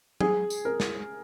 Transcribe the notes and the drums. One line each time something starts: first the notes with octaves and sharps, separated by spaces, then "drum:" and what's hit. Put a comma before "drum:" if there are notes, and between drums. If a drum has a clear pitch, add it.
G#4, drum: tom F#3
drum: tambourine
A#4
drum: snare